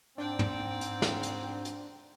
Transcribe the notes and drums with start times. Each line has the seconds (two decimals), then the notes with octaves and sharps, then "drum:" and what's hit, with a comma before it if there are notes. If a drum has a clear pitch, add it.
0.18 G#2 C4 D4 D5 G5
0.39 drum: tom
0.81 drum: hi-hat
1.02 drum: snare
1.23 drum: hi-hat
1.65 drum: hi-hat